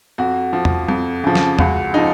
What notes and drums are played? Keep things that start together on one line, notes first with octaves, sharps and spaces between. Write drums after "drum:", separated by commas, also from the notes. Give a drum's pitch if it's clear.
F2 F#4
F3
drum: tom E2
F2, drum: tom
C#3 F3
drum: snare
C#2 F#4, drum: tom E2
C#3 F3 D#4